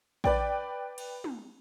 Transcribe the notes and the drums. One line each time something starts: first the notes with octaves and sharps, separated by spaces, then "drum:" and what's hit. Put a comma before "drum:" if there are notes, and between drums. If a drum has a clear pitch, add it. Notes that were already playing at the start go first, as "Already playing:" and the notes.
B4 D5 G5, drum: kick A#1
drum: cymbal
drum: tom